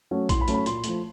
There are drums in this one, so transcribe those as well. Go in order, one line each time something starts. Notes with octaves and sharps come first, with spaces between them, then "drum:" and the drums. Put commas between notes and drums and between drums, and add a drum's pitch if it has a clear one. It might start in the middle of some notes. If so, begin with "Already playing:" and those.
F#3 A3 C#4
A2 C6, drum: kick A#1, hi-hat
B5
F#3 A3 C#4, drum: hi-hat
B5
A#2 C6, drum: hi-hat
F3 A3, drum: hi-hat